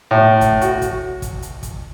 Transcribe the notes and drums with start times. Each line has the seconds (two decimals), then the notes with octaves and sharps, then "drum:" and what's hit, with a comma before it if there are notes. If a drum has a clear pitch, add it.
0.11 A2
0.41 drum: kick, hi-hat
0.61 F#4, drum: hi-hat
0.82 drum: kick, hi-hat
1.22 drum: kick, hi-hat
1.42 drum: hi-hat
1.63 drum: kick, hi-hat